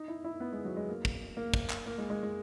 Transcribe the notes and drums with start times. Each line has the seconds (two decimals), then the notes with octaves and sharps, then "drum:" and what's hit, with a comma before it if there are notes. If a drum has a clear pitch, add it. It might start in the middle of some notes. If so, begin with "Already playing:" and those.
Already playing: D#4
0.08 E4
0.24 E4
0.40 B3
0.53 G#3
0.65 F#3
0.77 G#3
0.89 A#3
1.05 drum: kick
1.37 A#3
1.54 drum: kick
1.70 drum: clap
1.86 A#3
1.98 G#3
2.10 G#3
2.23 G#3